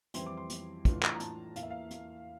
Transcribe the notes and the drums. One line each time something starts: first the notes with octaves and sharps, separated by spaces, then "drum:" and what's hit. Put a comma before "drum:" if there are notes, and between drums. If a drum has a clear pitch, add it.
F2 E3 G3 C4 E4 C6, drum: hi-hat
D6
C6
drum: hi-hat
A2 E3 A3 D4 F4, drum: kick, hi-hat
drum: clap
A#5
A5, drum: hi-hat
E2 E3 A#3 F5, drum: hi-hat
E5
F5
drum: hi-hat